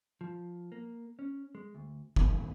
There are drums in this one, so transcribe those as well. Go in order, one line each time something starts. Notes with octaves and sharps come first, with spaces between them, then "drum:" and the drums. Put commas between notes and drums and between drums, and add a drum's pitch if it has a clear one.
F3
A#3
C#4
G#3
D2
D#3, drum: kick